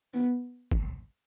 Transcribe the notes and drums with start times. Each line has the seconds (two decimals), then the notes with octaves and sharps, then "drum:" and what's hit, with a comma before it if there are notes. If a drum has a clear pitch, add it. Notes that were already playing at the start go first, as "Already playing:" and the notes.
0.14 B3
0.71 drum: kick